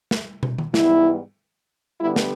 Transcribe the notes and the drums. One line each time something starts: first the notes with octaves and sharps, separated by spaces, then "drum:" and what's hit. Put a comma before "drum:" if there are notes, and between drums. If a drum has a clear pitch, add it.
drum: snare
drum: tom
drum: tom D#3
G#2 E3 G3 B3 E4, drum: snare
D3 G3 B3 E4
drum: snare